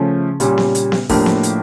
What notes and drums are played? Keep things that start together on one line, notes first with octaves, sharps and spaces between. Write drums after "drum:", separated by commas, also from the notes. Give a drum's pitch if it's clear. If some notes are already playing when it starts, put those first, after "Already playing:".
Already playing: C#3 F3 A3 C#4
A#2 G3 C#4, drum: hi-hat
drum: snare B3
drum: hi-hat
drum: snare B3
A2 F3 A#3 D4 G4, drum: kick, open hi-hat
drum: snare B3
drum: hi-hat